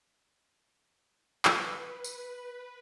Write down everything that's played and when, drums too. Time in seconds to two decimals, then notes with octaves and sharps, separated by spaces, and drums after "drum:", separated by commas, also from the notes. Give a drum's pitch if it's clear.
1.45 B4, drum: clap
2.04 drum: tambourine